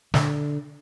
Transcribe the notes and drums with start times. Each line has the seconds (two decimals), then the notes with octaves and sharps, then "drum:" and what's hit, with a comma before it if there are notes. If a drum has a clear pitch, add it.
0.14 D3, drum: snare